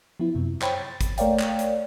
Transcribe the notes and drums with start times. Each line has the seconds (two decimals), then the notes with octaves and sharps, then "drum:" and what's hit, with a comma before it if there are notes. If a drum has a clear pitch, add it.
0.20 F3 B3 E4
0.35 F#2 C3
0.62 C5 C#5 G5 B5, drum: clap
0.78 A6
1.01 drum: kick, hi-hat
1.18 A3 A#4 C#5 D5 F5 G5, drum: hi-hat
1.39 drum: clap
1.59 drum: hi-hat